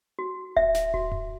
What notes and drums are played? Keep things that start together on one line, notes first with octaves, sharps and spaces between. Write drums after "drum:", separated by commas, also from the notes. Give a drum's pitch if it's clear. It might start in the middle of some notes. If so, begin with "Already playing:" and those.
F#4
E5, drum: kick D1
drum: snare
F#4, drum: kick D1
drum: tom F2